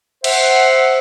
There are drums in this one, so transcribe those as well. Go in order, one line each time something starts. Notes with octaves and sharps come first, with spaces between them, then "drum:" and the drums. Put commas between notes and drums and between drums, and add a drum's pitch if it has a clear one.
C5 E5 F#5, drum: cymbal